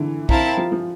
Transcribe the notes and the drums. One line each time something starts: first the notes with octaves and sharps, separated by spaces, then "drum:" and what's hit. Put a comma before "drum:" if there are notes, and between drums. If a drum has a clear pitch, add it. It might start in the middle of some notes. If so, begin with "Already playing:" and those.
Already playing: D3 E3
C4 E4 A#4 F5 A5, drum: kick
F3
F3